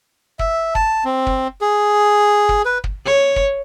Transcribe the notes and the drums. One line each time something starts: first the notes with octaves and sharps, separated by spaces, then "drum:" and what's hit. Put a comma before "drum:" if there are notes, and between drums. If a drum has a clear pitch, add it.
E5, drum: kick
A5, drum: kick
C4
drum: kick
G#4
drum: kick
B4
drum: kick
C#5
drum: kick